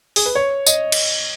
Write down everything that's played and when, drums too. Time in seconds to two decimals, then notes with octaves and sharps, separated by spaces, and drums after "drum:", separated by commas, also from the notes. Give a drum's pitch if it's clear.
0.16 G#4, drum: open hi-hat
0.26 B4
0.35 C#5
0.67 D#5, drum: tambourine
0.92 drum: cymbal